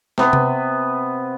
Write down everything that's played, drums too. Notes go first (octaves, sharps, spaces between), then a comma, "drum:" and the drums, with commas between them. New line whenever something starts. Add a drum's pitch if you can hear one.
C3 B3, drum: snare
drum: tom C3